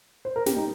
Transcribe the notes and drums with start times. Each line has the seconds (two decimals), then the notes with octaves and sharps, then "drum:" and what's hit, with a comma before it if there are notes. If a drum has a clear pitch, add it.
0.25 C5
0.36 A#4
0.46 G4, drum: snare
0.57 D#4